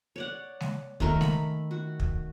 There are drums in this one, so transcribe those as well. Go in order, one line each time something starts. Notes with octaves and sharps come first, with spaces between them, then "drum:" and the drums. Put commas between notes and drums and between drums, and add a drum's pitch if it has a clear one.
C#5 D5 F#5
drum: snare G#3
D#3 A3 A#4 C#6, drum: kick
B5, drum: snare G#3
F#4
drum: kick